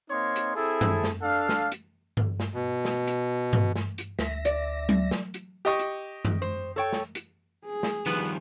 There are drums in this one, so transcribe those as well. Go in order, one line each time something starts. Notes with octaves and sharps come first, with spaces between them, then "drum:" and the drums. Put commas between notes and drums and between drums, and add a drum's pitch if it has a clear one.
A#3 C4 D#4 C#5 D#5 C6
drum: hi-hat
C4 E4 G#4 A4
drum: tom F#2
drum: snare
D4 A4 F5
drum: snare
drum: hi-hat
drum: tom G2
drum: snare
B2
drum: snare
drum: hi-hat
drum: tom G2
drum: snare
drum: hi-hat
D2 E5 A#6, drum: snare
D5, drum: hi-hat
drum: tom F#3
drum: snare
drum: hi-hat
G4 D#5 C#6
drum: hi-hat
drum: tom F#2
C5
A4 C#5 G5
drum: snare
drum: hi-hat
G#4
drum: snare
D#3 F3 G3 B3, drum: hi-hat